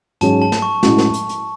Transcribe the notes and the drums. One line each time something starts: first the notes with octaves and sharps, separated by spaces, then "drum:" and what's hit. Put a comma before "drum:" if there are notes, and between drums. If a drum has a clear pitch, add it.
G#2 F#3 C#4 G#4 C#5 A5, drum: hi-hat
A5
drum: snare
C#6
A2 G#3 C#4 F#4, drum: snare
drum: snare
drum: hi-hat
drum: hi-hat